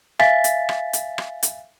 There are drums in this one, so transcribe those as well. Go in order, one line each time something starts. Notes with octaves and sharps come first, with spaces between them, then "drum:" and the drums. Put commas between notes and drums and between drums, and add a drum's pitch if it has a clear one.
E5 F5 G#5 A6 B6, drum: rim click
drum: hi-hat
drum: rim click
drum: hi-hat
drum: rim click
drum: hi-hat